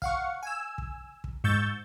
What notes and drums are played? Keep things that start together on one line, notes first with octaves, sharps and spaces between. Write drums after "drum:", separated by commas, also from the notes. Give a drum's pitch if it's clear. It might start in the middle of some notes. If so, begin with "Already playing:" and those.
F5 F#5 C#6, drum: kick
G#5 E6
drum: kick
drum: kick
G#2 C#6 E6 G6 A6